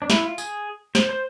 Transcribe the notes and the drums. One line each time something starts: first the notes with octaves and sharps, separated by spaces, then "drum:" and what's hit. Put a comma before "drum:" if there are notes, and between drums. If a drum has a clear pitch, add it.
D4
E4, drum: snare
F4
G#4, drum: tambourine
C5, drum: snare
C5